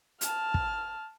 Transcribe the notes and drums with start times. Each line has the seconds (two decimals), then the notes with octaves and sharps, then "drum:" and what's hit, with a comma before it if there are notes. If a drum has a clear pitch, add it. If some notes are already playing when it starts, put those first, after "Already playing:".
0.21 A5 F6, drum: hi-hat
0.54 drum: kick